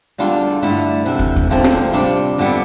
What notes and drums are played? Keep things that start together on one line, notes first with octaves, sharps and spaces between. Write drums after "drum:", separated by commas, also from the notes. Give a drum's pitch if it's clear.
E2 D3 G3 D4 F4
G2 D3 A3 E4
D2 C3 E3
drum: kick
drum: kick
E2 D3 F3 A3 C4
drum: rim click
C3 G3 D4 F4
F2 D3 G3 B3